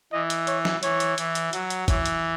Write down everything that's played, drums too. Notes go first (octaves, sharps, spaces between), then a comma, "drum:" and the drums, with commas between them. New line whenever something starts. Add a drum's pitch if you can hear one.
E3 D#5
drum: hi-hat
C#5, drum: hi-hat
drum: snare
E3 C#5, drum: hi-hat
drum: hi-hat
E3, drum: hi-hat
drum: hi-hat
F#3, drum: hi-hat
drum: hi-hat
E3 C#5, drum: kick, hi-hat
drum: hi-hat